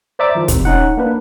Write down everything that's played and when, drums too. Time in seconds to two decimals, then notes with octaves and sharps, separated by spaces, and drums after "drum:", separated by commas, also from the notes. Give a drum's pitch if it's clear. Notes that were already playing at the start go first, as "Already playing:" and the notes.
0.19 C5 D5 E5 A#5 D6
0.35 D#3 F3
0.48 C3, drum: kick, hi-hat
0.65 C#4 D#4 F#5
0.97 A#3 D4 B4